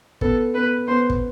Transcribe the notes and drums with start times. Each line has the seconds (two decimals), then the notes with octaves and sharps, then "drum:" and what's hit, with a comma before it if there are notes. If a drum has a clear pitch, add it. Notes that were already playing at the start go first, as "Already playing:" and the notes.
0.21 B3 A4, drum: kick
0.54 B3 B4
0.88 B3 C5
1.10 drum: kick